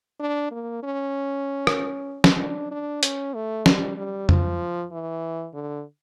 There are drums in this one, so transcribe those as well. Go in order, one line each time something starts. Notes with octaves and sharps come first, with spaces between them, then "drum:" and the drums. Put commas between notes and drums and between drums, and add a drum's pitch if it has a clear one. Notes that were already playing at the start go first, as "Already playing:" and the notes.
D4
A#3
C#4
drum: rim click
drum: snare
D4
D4
C#4, drum: hi-hat
A3
G3, drum: snare
G3
F3, drum: tom F2
E3
D3